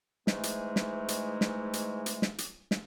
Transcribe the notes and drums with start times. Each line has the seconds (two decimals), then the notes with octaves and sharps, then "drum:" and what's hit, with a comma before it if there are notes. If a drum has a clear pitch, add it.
0.27 G#2 E3 G#3 A3, drum: snare
0.43 drum: hi-hat
0.76 drum: snare
1.08 drum: hi-hat
1.41 drum: snare
1.73 drum: hi-hat
2.06 drum: hi-hat
2.22 drum: snare
2.38 drum: hi-hat
2.71 drum: snare